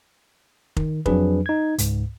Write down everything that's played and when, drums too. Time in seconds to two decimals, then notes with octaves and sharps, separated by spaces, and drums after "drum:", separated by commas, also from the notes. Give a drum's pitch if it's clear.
0.77 D#3, drum: kick F1
1.06 F2 F3 F#3 D4 G#4 B4, drum: kick F1
1.46 D#4 G#6
1.78 C#2 G#2, drum: hi-hat